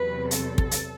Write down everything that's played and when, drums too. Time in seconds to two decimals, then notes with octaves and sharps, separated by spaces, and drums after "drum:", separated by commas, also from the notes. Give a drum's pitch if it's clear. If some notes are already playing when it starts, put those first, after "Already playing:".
Already playing: E2 C3 F#3 B4
0.31 A4, drum: hi-hat
0.58 drum: kick
0.71 drum: hi-hat